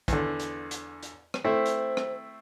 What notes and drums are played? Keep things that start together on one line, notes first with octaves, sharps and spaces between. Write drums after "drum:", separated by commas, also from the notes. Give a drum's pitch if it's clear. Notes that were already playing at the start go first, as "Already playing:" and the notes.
E2 D3, drum: kick, hi-hat
drum: hi-hat
drum: hi-hat
drum: hi-hat
drum: rim click
A3 C4 E4 C5
drum: hi-hat
drum: rim click